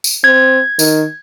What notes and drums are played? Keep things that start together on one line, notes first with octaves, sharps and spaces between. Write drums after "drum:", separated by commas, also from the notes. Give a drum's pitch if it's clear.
drum: tambourine
C4 G#6
D#3, drum: tambourine